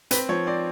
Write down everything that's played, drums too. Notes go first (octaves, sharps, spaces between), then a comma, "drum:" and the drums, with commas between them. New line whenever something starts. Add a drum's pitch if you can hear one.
C4 B4, drum: hi-hat
F3 C#5
C4 D5